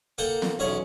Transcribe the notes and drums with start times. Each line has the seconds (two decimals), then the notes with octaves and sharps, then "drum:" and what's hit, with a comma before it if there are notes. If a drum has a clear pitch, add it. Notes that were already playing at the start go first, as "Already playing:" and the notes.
0.18 A#3 A4 F#5 G5
0.42 drum: snare
0.59 B1 E2 C#4 G#4